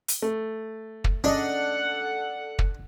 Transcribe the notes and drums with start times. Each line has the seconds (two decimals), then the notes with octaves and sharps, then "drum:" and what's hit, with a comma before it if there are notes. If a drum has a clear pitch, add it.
0.08 drum: hi-hat
0.22 A3
1.04 drum: kick
1.24 C#4 D4 A4 D#5 F#5
2.59 drum: kick